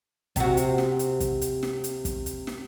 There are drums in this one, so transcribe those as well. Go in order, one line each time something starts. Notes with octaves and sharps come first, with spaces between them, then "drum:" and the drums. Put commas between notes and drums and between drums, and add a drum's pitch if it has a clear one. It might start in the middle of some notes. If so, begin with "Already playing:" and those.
C3 F#4, drum: kick, hi-hat
drum: hi-hat
drum: snare
drum: hi-hat
drum: kick, hi-hat
drum: hi-hat
drum: snare
drum: hi-hat
drum: kick, hi-hat
drum: hi-hat
drum: snare